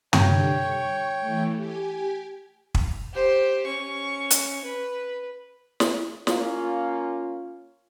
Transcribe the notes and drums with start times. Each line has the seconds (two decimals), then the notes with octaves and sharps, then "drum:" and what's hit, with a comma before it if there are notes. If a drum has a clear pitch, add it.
0.13 D3 G3 C#5 G5, drum: tom
0.54 C#6
1.21 E3 A3
1.56 G4 G#5
2.75 drum: kick
3.14 G4 C5
3.66 C#4 C#6
4.30 drum: hi-hat
4.64 B4
5.80 drum: snare
6.27 A#3 C#4 F4, drum: snare